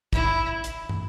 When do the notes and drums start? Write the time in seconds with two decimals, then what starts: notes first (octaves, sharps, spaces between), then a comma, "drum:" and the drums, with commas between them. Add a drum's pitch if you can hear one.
0.13 E4, drum: kick, hi-hat
0.64 drum: hi-hat
0.89 drum: tom